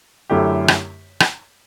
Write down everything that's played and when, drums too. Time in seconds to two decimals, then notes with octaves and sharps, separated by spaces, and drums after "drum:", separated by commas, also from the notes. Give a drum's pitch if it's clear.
0.30 F#2 D3 A3 E4 G4
0.68 drum: rim click
1.20 drum: rim click